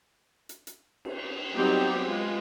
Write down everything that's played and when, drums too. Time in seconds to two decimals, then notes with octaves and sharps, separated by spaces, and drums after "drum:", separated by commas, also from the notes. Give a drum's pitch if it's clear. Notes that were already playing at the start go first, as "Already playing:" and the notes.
0.49 drum: hi-hat
0.67 drum: hi-hat
1.05 drum: cymbal
1.55 F#3 G3 B3 C4 D#4 G4
2.05 G#3 F4 B4